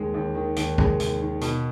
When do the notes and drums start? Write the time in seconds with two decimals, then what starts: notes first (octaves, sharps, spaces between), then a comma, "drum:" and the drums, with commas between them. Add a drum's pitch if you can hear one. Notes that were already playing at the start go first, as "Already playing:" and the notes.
Already playing: D#2 G#3
0.14 D#2
0.35 D#3
0.56 D#2, drum: hi-hat
0.78 G#3, drum: kick
1.00 D#2, drum: hi-hat
1.21 D#3
1.41 B2, drum: hi-hat